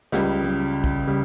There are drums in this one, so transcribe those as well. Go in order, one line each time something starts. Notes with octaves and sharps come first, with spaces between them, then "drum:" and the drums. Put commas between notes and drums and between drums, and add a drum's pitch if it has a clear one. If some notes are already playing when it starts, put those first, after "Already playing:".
C#2 C#3 G3, drum: snare
drum: tom F#3
drum: kick
C#3 G3